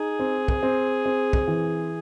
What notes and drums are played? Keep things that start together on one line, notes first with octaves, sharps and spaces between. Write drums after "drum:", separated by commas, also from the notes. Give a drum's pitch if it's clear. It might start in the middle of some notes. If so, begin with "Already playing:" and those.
Already playing: D#4 G#4
C4
drum: kick
C4
C4
drum: kick
E3